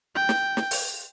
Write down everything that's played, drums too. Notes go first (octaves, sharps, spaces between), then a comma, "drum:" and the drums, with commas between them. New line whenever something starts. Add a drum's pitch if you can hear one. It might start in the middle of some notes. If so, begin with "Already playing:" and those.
G5
drum: snare
drum: snare
drum: open hi-hat